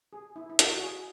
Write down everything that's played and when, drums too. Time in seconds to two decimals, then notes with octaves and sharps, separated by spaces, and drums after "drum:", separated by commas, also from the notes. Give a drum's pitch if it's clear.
0.13 G#4
0.36 E4
0.50 E4
0.59 F#4, drum: hi-hat
0.73 F#4
0.83 G#4